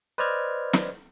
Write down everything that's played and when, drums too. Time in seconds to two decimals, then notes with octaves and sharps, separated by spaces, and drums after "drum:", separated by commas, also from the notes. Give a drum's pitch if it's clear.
0.18 B4 C5 D5 D#5 F6 G#6
0.73 drum: snare